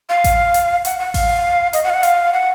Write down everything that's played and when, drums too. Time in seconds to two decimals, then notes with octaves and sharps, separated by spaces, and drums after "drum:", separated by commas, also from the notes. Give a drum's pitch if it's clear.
0.09 F5
0.24 drum: kick A1, hi-hat
0.54 drum: hi-hat
0.85 F#5, drum: hi-hat
1.00 F#5
1.14 F5, drum: kick A1, open hi-hat
1.73 D#5, drum: hi-hat
1.84 F#5
1.90 F5
1.94 F#5
2.03 F5, drum: hi-hat
2.34 F#5